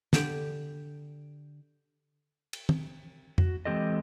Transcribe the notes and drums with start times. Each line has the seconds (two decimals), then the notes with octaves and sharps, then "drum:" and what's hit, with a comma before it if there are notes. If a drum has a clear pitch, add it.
0.13 D3 G4 D5, drum: snare
2.53 drum: cymbal
2.69 drum: tom
3.38 F#4, drum: tom F2
3.65 E3 G#3 C4 G4 A4 D#5